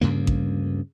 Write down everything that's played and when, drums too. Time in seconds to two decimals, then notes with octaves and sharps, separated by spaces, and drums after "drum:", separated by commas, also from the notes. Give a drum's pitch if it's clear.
0.01 D2 G2 C#3 A#3
0.27 drum: kick A1